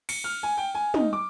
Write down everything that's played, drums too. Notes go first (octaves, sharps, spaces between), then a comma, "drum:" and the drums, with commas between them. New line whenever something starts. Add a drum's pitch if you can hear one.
C#7, drum: cymbal
F6
G#5
G5
G#5
D#4, drum: tom
D6